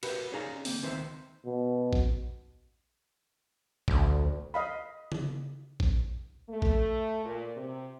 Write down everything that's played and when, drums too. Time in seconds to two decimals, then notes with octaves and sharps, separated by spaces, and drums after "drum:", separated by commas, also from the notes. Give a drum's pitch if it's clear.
0.03 F#4 G4 A#4 B4 E5 F#5, drum: cymbal
0.32 C#4 D#4 G#4 D5 F5 A#5
0.65 D3 E3 A#3 C4, drum: open hi-hat
0.82 C#2 D#3 C4 C5 D5 E5
1.45 B2
1.93 drum: kick A#1
3.88 D2, drum: kick A#1
4.54 D#5 F5 B5
5.12 drum: tom C#3
5.80 drum: kick A#1
6.49 A3
6.62 drum: kick A#1
7.25 A#2
7.57 C3